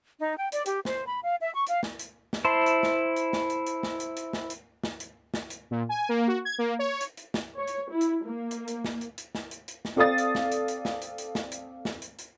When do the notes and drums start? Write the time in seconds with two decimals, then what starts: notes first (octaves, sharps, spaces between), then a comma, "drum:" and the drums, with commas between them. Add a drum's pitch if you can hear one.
0.20 D#4
0.37 G5
0.52 D5, drum: hi-hat
0.66 G4, drum: hi-hat
0.85 C5, drum: snare
1.06 B5
1.23 F5
1.41 E5
1.53 C#6
1.67 F5, drum: hi-hat
1.83 drum: snare
1.99 drum: hi-hat
2.33 drum: snare
2.45 E4 C5 A5 C6
2.66 drum: hi-hat
2.83 drum: snare
3.16 drum: hi-hat
3.33 drum: snare
3.50 drum: hi-hat
3.67 drum: hi-hat
3.83 drum: snare
4.00 drum: hi-hat
4.17 drum: hi-hat
4.33 drum: snare
4.50 drum: hi-hat
4.84 drum: snare
5.00 drum: hi-hat
5.34 drum: snare
5.50 drum: hi-hat
5.71 A#2
5.89 G#5
6.09 A#3
6.28 F#4
6.45 G#6
6.58 A#3
6.79 C#5
7.01 drum: hi-hat
7.17 drum: hi-hat
7.34 drum: snare
7.57 C#5
7.68 drum: hi-hat
7.91 E4
8.01 drum: hi-hat
8.26 A#3
8.51 drum: hi-hat
8.68 drum: hi-hat
8.84 drum: snare
9.01 drum: hi-hat
9.18 drum: hi-hat
9.35 drum: snare
9.51 drum: hi-hat
9.68 drum: hi-hat
9.85 drum: snare
9.96 C4 A4 D5 F5 D#6 A6
10.18 drum: hi-hat
10.35 drum: snare
10.52 drum: hi-hat
10.68 drum: hi-hat
10.85 drum: snare
11.02 drum: hi-hat
11.18 drum: hi-hat
11.35 drum: snare
11.52 drum: hi-hat
11.85 drum: snare
12.02 drum: hi-hat
12.19 drum: hi-hat